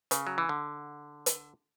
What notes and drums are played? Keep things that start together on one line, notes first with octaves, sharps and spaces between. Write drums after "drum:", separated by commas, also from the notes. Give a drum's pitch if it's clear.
C#3, drum: hi-hat
F#3
E3
D3
drum: hi-hat